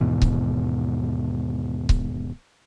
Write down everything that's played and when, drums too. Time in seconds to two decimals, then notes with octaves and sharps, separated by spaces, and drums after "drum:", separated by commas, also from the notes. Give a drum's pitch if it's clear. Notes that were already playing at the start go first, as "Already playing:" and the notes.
0.01 D#2 G#2 B2 E3
0.22 drum: kick C#1
1.89 drum: kick C#1